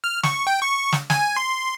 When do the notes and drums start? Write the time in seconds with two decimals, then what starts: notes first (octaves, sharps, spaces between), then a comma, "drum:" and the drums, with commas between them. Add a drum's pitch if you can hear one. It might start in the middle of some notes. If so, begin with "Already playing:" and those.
0.04 F6
0.23 C#6, drum: snare
0.47 G5
0.61 C#6
0.92 drum: snare
1.10 G#5, drum: snare
1.37 C6